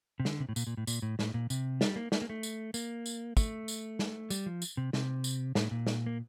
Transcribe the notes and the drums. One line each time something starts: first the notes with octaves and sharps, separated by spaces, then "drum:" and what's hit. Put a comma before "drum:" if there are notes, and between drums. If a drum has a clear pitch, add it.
C3
D3, drum: snare
C3
A2
A#2, drum: tambourine
A#2
A2
A#2, drum: tambourine
A2
A2, drum: snare
A#2
C3, drum: tambourine
G3, drum: snare
A#3
A3, drum: snare
A#3
A3
drum: tambourine
A#3, drum: tambourine
drum: tambourine
A3, drum: kick, tambourine
drum: tambourine
drum: snare
G3, drum: tambourine
F3
drum: tambourine
C3
C3, drum: snare
drum: tambourine
A2, drum: snare
A#2
drum: snare
A#3